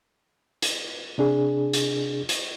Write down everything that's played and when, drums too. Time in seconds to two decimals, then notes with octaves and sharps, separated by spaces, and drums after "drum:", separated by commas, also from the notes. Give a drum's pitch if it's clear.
0.62 drum: hi-hat
1.18 C3 D4 G#4
1.73 drum: hi-hat
2.29 drum: hi-hat